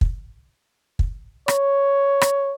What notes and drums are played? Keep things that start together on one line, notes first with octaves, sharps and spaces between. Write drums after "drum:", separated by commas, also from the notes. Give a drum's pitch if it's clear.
drum: kick
drum: kick
C#5, drum: rim click
drum: rim click